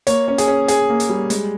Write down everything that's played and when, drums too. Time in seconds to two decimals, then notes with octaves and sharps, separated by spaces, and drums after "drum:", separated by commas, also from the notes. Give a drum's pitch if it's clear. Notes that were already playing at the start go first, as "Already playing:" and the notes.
0.07 A#3 C#5, drum: hi-hat
0.28 C#4
0.38 G#4, drum: hi-hat
0.48 C#4
0.68 C#4 G#4, drum: hi-hat
0.90 A#3
1.00 drum: hi-hat
1.09 G3
1.30 G#3, drum: hi-hat